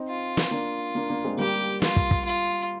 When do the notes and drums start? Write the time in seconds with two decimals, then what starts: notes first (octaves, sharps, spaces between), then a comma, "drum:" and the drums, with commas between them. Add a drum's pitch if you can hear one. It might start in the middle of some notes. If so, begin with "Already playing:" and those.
Already playing: C4 D#4
0.09 F4
0.37 drum: snare
0.51 A#3 D4
0.95 A#3 D4
1.09 A#3 D4
1.24 G#3 C4
1.38 G3 A#3 G4
1.82 F4, drum: snare
1.96 drum: kick
2.11 drum: kick
2.25 F4